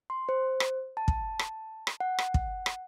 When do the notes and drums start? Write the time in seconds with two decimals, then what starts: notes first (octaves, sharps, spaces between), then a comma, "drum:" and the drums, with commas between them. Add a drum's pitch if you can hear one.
0.10 C6
0.29 C5
0.60 drum: rim click
0.97 A5
1.08 drum: kick
1.39 drum: rim click
1.87 drum: rim click
2.00 F#5
2.18 drum: rim click
2.34 drum: kick
2.66 drum: rim click